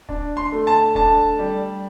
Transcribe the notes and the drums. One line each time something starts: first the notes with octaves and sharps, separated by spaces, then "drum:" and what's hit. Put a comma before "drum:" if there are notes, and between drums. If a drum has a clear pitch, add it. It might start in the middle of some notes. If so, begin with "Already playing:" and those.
D4, drum: kick D#1
C6
A3
A5
D4 A5, drum: kick D#1
G3